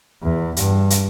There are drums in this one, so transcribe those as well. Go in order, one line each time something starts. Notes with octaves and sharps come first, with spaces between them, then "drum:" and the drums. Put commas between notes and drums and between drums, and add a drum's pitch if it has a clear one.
E2
G2, drum: hi-hat
drum: hi-hat